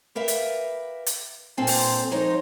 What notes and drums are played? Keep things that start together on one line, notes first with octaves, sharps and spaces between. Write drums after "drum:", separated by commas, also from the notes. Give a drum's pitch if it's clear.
G4 A#4 B4 E5 F5
drum: hi-hat
drum: hi-hat
G2 A#2 C4 A4 C5 G#5
drum: open hi-hat
F3 G#3 D#4 A#4 C5 C#5